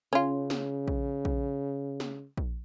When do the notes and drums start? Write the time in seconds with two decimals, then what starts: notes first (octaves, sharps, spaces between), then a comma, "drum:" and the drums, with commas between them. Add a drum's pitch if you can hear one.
0.13 C#3 C#4 F4
0.50 drum: snare
0.88 drum: kick A#1
1.25 drum: kick A#1
2.00 drum: snare
2.37 drum: kick A#1